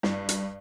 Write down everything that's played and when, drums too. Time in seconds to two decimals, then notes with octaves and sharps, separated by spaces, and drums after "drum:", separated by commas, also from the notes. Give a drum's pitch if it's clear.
0.03 G2, drum: snare
0.29 drum: hi-hat